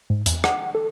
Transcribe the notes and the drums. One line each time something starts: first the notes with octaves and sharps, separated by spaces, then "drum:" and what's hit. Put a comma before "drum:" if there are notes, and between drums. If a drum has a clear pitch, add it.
G#2
E2, drum: hi-hat
F#5, drum: rim click
A4